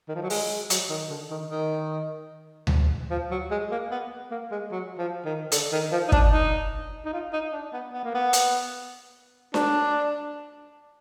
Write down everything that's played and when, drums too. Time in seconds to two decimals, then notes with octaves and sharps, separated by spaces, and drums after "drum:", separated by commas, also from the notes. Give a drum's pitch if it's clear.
0.08 D#3
0.15 F3
0.22 F#3
0.30 G#3, drum: open hi-hat
0.70 F#3, drum: hi-hat
0.90 D#3
1.10 D3
1.30 D#3
1.51 D#3
2.67 drum: tom D2
3.10 F3
3.31 F#3
3.51 G#3
3.71 A#3
3.91 B3
4.31 A#3
4.51 G#3
4.71 F#3
4.98 F3
5.25 D#3
5.52 D3, drum: hi-hat
5.72 D#3
5.92 F3
6.08 D#4
6.12 D4, drum: kick
6.32 D#4
7.05 D#4
7.13 F4
7.33 D#4
7.53 D4
7.73 B3
7.93 B3
8.04 A#3
8.15 B3
8.33 drum: hi-hat
9.54 D4, drum: snare D4